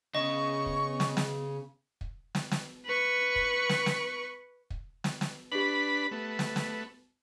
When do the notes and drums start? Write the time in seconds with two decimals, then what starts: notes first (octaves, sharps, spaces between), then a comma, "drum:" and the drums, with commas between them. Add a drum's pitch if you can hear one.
0.15 C#3 B3 D#5 C#6
0.66 drum: kick
1.00 drum: snare
1.17 drum: snare
2.01 drum: kick
2.35 drum: snare
2.51 drum: snare
2.85 B4 C#6
3.36 drum: kick
3.69 drum: snare
3.86 drum: snare
4.70 drum: kick
5.04 drum: snare
5.21 drum: snare
5.52 D4 G4 B4 B5 F#7
6.11 A3 B3
6.39 drum: snare
6.56 drum: snare